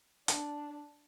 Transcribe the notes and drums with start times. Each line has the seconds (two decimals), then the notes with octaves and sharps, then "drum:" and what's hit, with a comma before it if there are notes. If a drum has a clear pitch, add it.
0.28 D4, drum: hi-hat